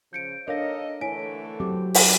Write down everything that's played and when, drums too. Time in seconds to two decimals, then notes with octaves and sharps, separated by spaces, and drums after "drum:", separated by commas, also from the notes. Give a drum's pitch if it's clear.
0.13 C#3 F3 G6 C#7 D7
0.48 D4 D#4 A4 A#4 C#5 D#5 F5 A#6
1.01 D3 E3 A3 E4 C#5 G#5 B6 D7
1.60 F#3 C4 G4 D6
1.94 drum: open hi-hat